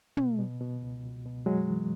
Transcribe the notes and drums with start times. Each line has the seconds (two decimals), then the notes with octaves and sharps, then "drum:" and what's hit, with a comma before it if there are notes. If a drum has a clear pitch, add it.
0.17 B2, drum: tom
0.39 B2
0.61 B2
0.82 C#2
1.03 C#2
1.25 B2
1.46 F#2 F#3 G#3
1.68 E3